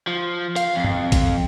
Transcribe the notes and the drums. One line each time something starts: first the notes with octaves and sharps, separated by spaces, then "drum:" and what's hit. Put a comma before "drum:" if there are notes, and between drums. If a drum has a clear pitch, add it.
F3
F5, drum: hi-hat
F2
drum: tom G2
drum: kick A1, hi-hat